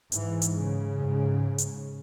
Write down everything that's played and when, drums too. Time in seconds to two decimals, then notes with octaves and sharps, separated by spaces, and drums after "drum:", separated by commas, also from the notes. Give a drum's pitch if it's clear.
0.12 G#2 E3, drum: hi-hat
0.42 drum: hi-hat
0.56 C#3
1.00 G#2
1.58 drum: hi-hat